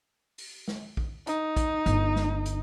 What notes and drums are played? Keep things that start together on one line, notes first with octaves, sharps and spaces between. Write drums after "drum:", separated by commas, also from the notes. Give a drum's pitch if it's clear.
drum: open hi-hat
drum: snare
drum: kick A#1
D#4, drum: hi-hat
drum: kick A#1, hi-hat
G1, drum: hi-hat
drum: snare
drum: hi-hat